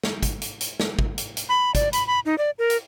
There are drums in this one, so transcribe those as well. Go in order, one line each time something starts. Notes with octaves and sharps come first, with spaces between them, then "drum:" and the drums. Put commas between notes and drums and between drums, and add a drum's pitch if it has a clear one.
drum: snare
drum: kick, hi-hat
drum: hi-hat
drum: hi-hat
drum: snare
drum: kick
drum: hi-hat
drum: hi-hat
B5
D5, drum: kick, hi-hat
B5, drum: hi-hat
B5
D#4
D5
A#4
drum: hi-hat